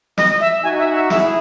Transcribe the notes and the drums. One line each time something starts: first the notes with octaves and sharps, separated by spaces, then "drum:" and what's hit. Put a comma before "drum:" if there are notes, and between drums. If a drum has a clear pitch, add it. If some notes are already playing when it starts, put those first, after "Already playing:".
D#5, drum: snare
E5
D#4 F#4 G#5
E5
E5
E4 G#4 E5, drum: snare